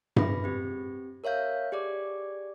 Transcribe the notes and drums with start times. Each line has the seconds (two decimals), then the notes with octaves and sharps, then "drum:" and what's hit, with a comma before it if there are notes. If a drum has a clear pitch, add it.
0.16 G#4 B4 B5 A#6, drum: tom G2
0.44 C4 G4
1.24 A#4 C#5 E5 F5 G6
1.72 G4 G#4 D5 D6